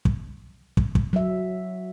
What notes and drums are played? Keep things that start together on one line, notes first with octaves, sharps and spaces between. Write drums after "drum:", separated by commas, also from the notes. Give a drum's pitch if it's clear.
drum: kick
drum: kick
drum: kick
F#3 E5